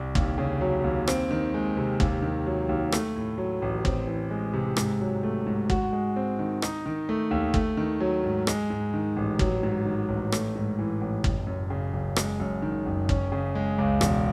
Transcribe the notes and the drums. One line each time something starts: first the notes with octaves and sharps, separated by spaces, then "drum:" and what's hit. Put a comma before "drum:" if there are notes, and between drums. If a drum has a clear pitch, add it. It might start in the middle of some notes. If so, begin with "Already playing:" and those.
Already playing: C2
D#2, drum: kick
C#3
F#3
D#2
C4, drum: rim click
D#3
G#3
C3
D#2, drum: kick
D#3
F#3
D#2
A3, drum: rim click
A2
F#3
A1
C4, drum: kick
E3
G#3
C3
G#2, drum: rim click
F#3
A3
G#2
F#4, drum: kick
G#3
C4
D#3
D#4, drum: rim click
D#3
A3
D#2
A3, drum: kick
D#3
F#3
G#2
G#3, drum: rim click
G#2
D#3
A1
F#3, drum: kick
G#2
D#3
A1
A3, drum: rim click
G#2
E3
A1
F#1, drum: kick
F#2
C#3
F#1
G#3, drum: rim click
F#2
D#3
F#1
C#4, drum: kick
C#3
G#3
C#2
E1, drum: rim click